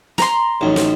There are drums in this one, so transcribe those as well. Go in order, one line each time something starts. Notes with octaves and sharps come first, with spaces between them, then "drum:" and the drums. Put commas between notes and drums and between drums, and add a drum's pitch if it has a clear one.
A#5 C6, drum: snare
A1 F#2 D#4
drum: snare